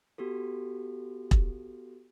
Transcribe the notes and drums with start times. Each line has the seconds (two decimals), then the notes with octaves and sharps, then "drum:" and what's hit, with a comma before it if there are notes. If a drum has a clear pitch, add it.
0.18 B3 F#4 G4 A4
1.31 drum: kick E1